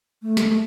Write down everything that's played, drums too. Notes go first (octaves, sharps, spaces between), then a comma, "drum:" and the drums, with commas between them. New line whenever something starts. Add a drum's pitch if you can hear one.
A3
drum: snare